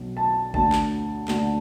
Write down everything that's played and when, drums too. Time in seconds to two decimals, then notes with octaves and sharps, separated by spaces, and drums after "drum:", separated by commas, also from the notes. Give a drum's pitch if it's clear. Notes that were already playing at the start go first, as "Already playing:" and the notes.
Already playing: B1 B2
0.17 A5
0.54 D2 D3 A5, drum: kick A1
0.72 drum: clap
1.28 D2 D3, drum: clap